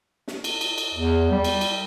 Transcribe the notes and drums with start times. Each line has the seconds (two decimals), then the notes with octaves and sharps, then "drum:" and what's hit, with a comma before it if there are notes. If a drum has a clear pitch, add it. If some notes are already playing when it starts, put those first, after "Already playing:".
0.28 drum: snare
0.44 drum: cymbal
0.61 drum: cymbal
0.78 drum: cymbal
0.94 E2
1.31 G3
1.44 drum: cymbal
1.61 drum: cymbal